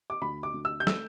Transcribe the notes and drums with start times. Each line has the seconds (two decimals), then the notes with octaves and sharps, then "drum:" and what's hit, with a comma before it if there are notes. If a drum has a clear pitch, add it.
0.10 D6
0.21 D2 B5
0.43 D6
0.54 D2
0.65 E6
0.80 G6
0.87 A3 E6, drum: snare